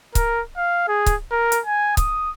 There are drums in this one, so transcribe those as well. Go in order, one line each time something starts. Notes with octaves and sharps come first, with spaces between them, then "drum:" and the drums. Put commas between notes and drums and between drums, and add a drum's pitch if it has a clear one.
A#4, drum: kick C#1, hi-hat
F5
G#4
drum: kick C#1, hi-hat
A#4
drum: hi-hat
G#5
D#6, drum: kick C#1, hi-hat